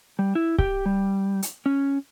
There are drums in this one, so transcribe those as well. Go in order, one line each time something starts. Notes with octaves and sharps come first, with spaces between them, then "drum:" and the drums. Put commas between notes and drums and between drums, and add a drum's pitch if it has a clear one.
G3
E4
G4, drum: kick C#1
G3
drum: hi-hat
C#4